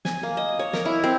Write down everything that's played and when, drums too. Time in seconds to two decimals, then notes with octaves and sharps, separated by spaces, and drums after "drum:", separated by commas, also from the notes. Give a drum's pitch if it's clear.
0.05 G#5, drum: snare
0.23 A#3
0.37 D#5
0.59 C#5
0.73 A#4, drum: snare
0.85 E4
1.04 C4